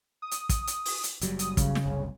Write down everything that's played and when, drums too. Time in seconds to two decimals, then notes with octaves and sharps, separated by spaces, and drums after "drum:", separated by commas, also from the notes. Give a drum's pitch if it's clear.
0.22 D#6
0.31 drum: hi-hat
0.49 drum: kick, hi-hat
0.67 drum: hi-hat
0.85 drum: open hi-hat
1.03 drum: hi-hat
1.21 F#1 F#3 G3, drum: hi-hat
1.39 D#6, drum: hi-hat
1.57 C#3, drum: kick, hi-hat
1.75 drum: snare
1.86 F#1 C2